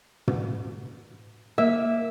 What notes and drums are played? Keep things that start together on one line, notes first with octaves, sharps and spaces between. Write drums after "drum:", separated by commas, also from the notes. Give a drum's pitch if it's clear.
drum: tom
A#3 E5